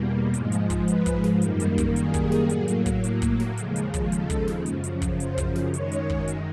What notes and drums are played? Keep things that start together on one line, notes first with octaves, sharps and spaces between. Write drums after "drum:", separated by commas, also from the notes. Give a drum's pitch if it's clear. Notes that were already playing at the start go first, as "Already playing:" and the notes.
Already playing: E2 B2 G3 A#3
G#2 F3 G#3, drum: hi-hat
drum: hi-hat
drum: kick, hi-hat
B4, drum: hi-hat
drum: kick, hi-hat
drum: snare
F#2 D#3 G3 A#3, drum: hi-hat
drum: hi-hat
drum: kick, hi-hat
G#4, drum: hi-hat
drum: kick, hi-hat
drum: snare
A2 F#3 A#3, drum: hi-hat
drum: hi-hat
drum: kick, hi-hat
drum: hi-hat
drum: kick, hi-hat
drum: snare
D#2 C#3 F3 G#3, drum: hi-hat
drum: hi-hat
drum: kick, hi-hat
A4, drum: hi-hat
drum: kick, hi-hat
drum: snare
F#2 C#3 F3, drum: hi-hat
drum: hi-hat
drum: kick, hi-hat
C5, drum: hi-hat
drum: kick, hi-hat
drum: snare
F#2 D#3 G#3 C#5, drum: hi-hat
drum: hi-hat
drum: kick
drum: hi-hat